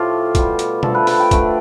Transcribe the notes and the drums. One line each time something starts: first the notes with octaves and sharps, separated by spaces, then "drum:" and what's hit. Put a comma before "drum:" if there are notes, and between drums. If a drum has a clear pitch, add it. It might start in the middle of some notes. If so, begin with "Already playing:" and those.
Already playing: A2 F3 A3 F4 G4
B2 G3, drum: kick, hi-hat
drum: hi-hat
D3 F3 A3 A4, drum: tom
B4
B4, drum: open hi-hat
G5
D3 A3, drum: kick, hi-hat